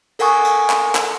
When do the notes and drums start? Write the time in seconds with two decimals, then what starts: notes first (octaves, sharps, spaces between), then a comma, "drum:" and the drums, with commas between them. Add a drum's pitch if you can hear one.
0.19 A4 A#4 F#5 G#5 C#6 D#6, drum: cymbal
0.44 drum: cymbal
0.70 drum: clap
0.95 drum: clap